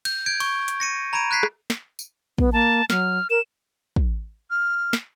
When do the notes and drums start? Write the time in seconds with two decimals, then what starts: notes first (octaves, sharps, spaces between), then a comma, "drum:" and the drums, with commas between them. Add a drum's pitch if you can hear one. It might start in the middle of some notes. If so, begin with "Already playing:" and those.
0.05 G6, drum: cymbal
0.26 G6 G#6 D7
0.40 C#6, drum: cymbal
0.68 drum: hi-hat
0.80 A#6 C#7 D#7
1.13 A#5 B5 G#6 D7 D#7
1.31 F#6 G#6 B6 C7
1.43 drum: rim click
1.70 drum: snare
1.99 drum: tambourine
2.38 B3, drum: kick
2.53 A#3 A5
2.90 F#3 F6, drum: snare
3.30 A#4 E7
3.96 drum: kick
4.50 F6
4.93 drum: snare